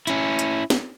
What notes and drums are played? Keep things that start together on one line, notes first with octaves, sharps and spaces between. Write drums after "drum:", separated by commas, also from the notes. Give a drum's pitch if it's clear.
C#4 E4, drum: hi-hat
drum: hi-hat
drum: snare